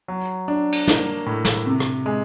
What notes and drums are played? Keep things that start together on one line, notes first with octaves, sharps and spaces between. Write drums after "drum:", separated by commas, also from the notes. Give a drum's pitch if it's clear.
F#3
D4
drum: cymbal
A#3, drum: snare
A2
drum: snare
C3
drum: rim click
G#3